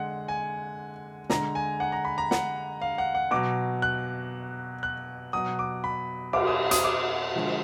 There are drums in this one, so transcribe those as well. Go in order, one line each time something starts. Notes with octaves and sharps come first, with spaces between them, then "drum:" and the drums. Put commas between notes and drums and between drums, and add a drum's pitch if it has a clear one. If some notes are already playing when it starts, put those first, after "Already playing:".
Already playing: D3 G#3 F#5
G#5
D3 G#3 A#5, drum: snare
G#5
F#5
A#5
B5
A#5
F#5, drum: snare
F5
F#5
F#5
B2 F#3 D6
F#6
F#6
B2 F#3 D#6
D6
B5
D6, drum: cymbal
D#6
D#6, drum: hi-hat
D6
D3 F3 G#3